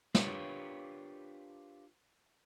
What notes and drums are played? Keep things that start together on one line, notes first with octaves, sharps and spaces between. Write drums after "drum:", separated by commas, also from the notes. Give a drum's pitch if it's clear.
D4 F4 G4 A#4 B4 C#5, drum: snare